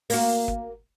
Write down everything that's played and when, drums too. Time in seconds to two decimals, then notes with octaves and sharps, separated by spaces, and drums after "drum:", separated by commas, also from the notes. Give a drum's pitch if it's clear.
0.10 A#3 F#4, drum: open hi-hat
0.48 drum: kick